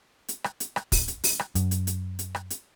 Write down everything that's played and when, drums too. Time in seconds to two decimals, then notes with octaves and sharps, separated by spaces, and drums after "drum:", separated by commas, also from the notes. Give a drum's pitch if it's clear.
0.28 drum: hi-hat
0.44 drum: rim click
0.60 drum: hi-hat
0.76 drum: rim click
0.92 drum: kick, open hi-hat
1.08 drum: hi-hat
1.24 drum: open hi-hat
1.39 drum: rim click
1.55 F#2, drum: hi-hat
1.71 drum: hi-hat
1.87 drum: hi-hat
2.19 drum: hi-hat
2.35 drum: rim click
2.50 drum: hi-hat